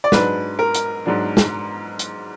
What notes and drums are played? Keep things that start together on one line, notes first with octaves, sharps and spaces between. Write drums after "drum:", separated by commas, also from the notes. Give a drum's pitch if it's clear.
D5
G#2 F#3 D4 B4, drum: snare
A#4
drum: hi-hat
G#2 F#3 D4
drum: snare
drum: hi-hat